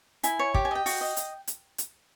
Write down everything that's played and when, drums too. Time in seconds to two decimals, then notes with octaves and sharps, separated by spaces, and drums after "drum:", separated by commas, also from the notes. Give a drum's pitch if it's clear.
0.23 E4 G#5, drum: hi-hat
0.39 C#5
0.54 G4, drum: kick
0.65 G#5
0.71 D#5 G5
0.86 F#4, drum: open hi-hat
1.01 D#5
1.17 drum: hi-hat
1.47 drum: hi-hat
1.78 drum: hi-hat